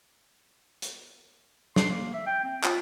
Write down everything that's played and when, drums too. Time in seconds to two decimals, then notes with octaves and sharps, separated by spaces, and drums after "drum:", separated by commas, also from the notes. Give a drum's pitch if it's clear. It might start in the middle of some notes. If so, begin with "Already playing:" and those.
0.82 drum: hi-hat
1.76 C6, drum: snare
1.91 A#3
2.14 E5
2.26 G5
2.44 C4
2.64 F4, drum: clap